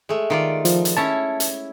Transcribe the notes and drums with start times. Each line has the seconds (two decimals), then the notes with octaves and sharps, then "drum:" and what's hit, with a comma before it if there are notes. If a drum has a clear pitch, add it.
0.09 G#3 A3
0.30 D#3 F4 D5
0.65 F3, drum: hi-hat
0.85 drum: hi-hat
0.97 C#4 E4 C#5 A5
1.40 drum: hi-hat